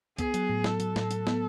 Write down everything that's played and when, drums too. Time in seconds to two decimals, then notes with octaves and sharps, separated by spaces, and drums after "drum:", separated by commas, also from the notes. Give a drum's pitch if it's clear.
0.18 B3 G#4, drum: kick C2, hi-hat
0.34 F#3, drum: hi-hat
0.49 A2
0.64 F#3 A4, drum: snare
0.80 F#3, drum: hi-hat
0.96 A2, drum: snare
1.11 F#3, drum: hi-hat
1.27 B3, drum: snare